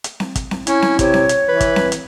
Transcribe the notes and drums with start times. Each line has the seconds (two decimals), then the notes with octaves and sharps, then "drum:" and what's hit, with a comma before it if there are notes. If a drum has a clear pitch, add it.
0.04 drum: hi-hat
0.20 drum: snare C4
0.35 drum: kick, hi-hat
0.51 drum: snare C4
0.67 C#4 E4, drum: hi-hat
0.82 drum: snare C4
0.99 C3 C#5, drum: kick, hi-hat
1.14 drum: snare C4
1.29 drum: hi-hat
1.49 E3 B4
1.61 drum: kick, hi-hat
1.76 drum: snare C4
1.92 drum: hi-hat